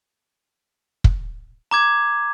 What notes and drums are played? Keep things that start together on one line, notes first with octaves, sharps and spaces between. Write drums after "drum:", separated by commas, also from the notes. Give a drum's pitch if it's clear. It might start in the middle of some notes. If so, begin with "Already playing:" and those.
drum: kick
A#5 D6 G#6